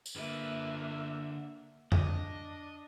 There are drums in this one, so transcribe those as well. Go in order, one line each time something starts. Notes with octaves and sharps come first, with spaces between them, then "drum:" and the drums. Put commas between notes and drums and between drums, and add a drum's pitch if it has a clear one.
drum: tambourine
D3 A#3 B4 E5
D4 D#5, drum: tom F2